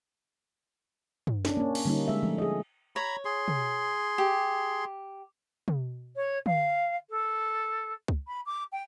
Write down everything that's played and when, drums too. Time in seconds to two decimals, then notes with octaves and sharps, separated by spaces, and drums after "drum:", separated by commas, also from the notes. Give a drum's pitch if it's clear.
1.27 drum: tom
1.45 C#4 D4, drum: snare
1.57 A#3 C#4
1.75 drum: cymbal
1.85 D3 G3 A#3 C#4 D#4
2.08 G#3 E5
2.23 F3 A3
2.38 G#4 D#5
2.96 C#5 A#5 B5
3.25 G#4 C6
3.48 drum: tom
4.18 G4
5.68 drum: tom
6.16 C#5
6.46 F5, drum: tom
7.10 A4
8.08 drum: kick C#2
8.27 B5
8.46 D6
8.72 G5